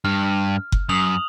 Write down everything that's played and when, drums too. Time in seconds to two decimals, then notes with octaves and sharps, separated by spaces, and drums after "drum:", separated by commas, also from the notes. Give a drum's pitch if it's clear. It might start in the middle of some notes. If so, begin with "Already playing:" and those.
0.05 G2 F6
0.72 drum: kick F#1
0.89 F#2 D#6 F7 F#7